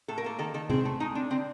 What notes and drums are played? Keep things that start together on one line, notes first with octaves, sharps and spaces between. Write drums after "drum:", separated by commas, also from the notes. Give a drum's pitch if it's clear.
A2 A4
A#4
A#3 A4
D#3 A4
D#3 A4
C4 G#4, drum: tom
A3
G#3 D#4
C4 D4
D3 C4